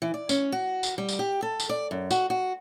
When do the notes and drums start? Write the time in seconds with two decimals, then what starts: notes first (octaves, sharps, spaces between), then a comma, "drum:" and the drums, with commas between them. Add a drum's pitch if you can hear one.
0.02 E3
0.14 D5
0.29 C#4, drum: tambourine
0.52 F#4
0.83 drum: tambourine
0.98 G3
1.09 drum: tambourine
1.19 G4
1.42 A4
1.60 drum: tambourine
1.69 D5
1.91 F#2
2.11 F#4, drum: tambourine
2.30 F#4